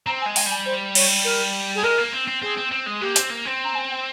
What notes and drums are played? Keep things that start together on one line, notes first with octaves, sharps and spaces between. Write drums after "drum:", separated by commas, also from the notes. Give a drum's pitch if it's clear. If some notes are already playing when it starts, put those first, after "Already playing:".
C4 A#5
G#5
G#3
G5, drum: open hi-hat
G3 G#5
C5
C#5, drum: cymbal
A#4
G#4
G#3 A#4
A#3
C4
C4
C4 G#4
C4
C4
G#3
A#3 G4
C4, drum: hi-hat
A#3
C4
A#5
G#5
G5